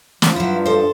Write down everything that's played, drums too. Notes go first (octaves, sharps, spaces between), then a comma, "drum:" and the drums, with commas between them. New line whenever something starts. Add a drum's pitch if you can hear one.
F3, drum: snare
G2 F#3 E4
A4 C5